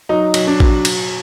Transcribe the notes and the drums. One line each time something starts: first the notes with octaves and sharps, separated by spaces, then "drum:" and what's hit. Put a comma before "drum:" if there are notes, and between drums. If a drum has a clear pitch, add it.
F#3 D#4
F#3, drum: cymbal
D4
F#3, drum: kick A1
drum: cymbal